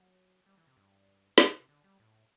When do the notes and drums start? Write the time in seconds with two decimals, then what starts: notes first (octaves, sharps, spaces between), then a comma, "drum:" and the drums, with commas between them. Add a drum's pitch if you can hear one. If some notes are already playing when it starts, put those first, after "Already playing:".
Already playing: F#3
0.46 G3
0.57 E3
0.67 C3
0.77 G2
1.38 A2, drum: snare
1.49 B2
1.58 C3
1.69 D3
1.84 G3
2.00 A2